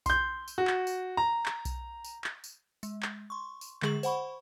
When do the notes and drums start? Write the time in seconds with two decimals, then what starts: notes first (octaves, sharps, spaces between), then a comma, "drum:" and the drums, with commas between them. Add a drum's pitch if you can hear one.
0.06 C6 G6, drum: kick B1, tambourine
0.48 drum: tambourine
0.58 F#4
0.67 drum: clap
0.87 drum: tambourine
1.17 A#5
1.46 drum: clap
1.65 drum: kick B1, tambourine
2.04 drum: tambourine
2.24 drum: clap
2.44 drum: tambourine
2.83 G#3, drum: tambourine
3.03 drum: clap
3.30 C6 C#6
3.61 drum: tambourine
3.82 D3 G#3 G#4 C#6 F#7, drum: clap
4.03 C5 F#5 B5 C#6, drum: tambourine